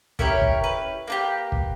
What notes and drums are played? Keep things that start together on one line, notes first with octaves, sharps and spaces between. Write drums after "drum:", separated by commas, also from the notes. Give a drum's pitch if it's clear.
C#4 E4 G4 A#4 C#5, drum: kick
drum: kick
B4
A#3 D4 G4
drum: kick